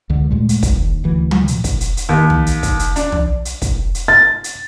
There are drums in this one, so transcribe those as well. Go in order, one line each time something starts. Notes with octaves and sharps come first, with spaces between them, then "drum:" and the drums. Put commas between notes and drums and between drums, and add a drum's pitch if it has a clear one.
C#2 D3
D#2 A#2 G#3 A3
drum: hi-hat
B1, drum: kick, hi-hat
D#2
D2 E3
drum: tom
drum: hi-hat
drum: kick, hi-hat
drum: hi-hat
drum: hi-hat
D#2
drum: tom
drum: hi-hat
drum: kick, hi-hat
drum: hi-hat
D4, drum: hi-hat
drum: tom
drum: hi-hat
drum: kick, hi-hat
drum: hi-hat
A6
drum: hi-hat